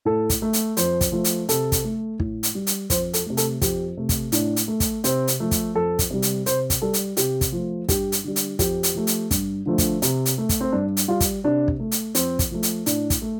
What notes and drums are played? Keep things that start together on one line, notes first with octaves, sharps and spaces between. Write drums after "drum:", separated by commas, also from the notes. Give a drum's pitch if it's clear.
A2 A4
drum: kick, hi-hat
A3
drum: hi-hat
F2 C5, drum: hi-hat
drum: kick, hi-hat
F3 A3
drum: hi-hat
C3 A4, drum: hi-hat
drum: kick, hi-hat
A3
A2, drum: kick
drum: hi-hat
G3
drum: hi-hat
F2 C5, drum: kick, hi-hat
A4, drum: hi-hat
C3 A3
A4, drum: hi-hat
F2 G4, drum: kick, hi-hat
C3 A3
drum: kick, hi-hat
A2 D4, drum: hi-hat
drum: hi-hat
A3
drum: kick, hi-hat
C3 C4, drum: hi-hat
drum: hi-hat
F3 A3
drum: kick, hi-hat
F2 A4
drum: kick, hi-hat
C3 G3
drum: hi-hat
C3 C5, drum: hi-hat
drum: kick, hi-hat
G3 A4
drum: hi-hat
C3 G4, drum: hi-hat
drum: kick, hi-hat
F3
A3
G2 G4, drum: kick, hi-hat
drum: hi-hat
D3 G3
drum: hi-hat
F2 G4, drum: kick, hi-hat
drum: hi-hat
F3 A3
drum: hi-hat
G2, drum: kick, hi-hat
D3 F3 A3
drum: kick, hi-hat
C3, drum: hi-hat
drum: hi-hat
A3
drum: kick, hi-hat
C4
G2 D4
drum: hi-hat
G3 F4
drum: kick, hi-hat
C3 D4
drum: kick
A3
drum: hi-hat
F2 C4, drum: hi-hat
drum: kick, hi-hat
F3 A3
drum: hi-hat
A2 D4, drum: hi-hat
drum: kick, hi-hat
A3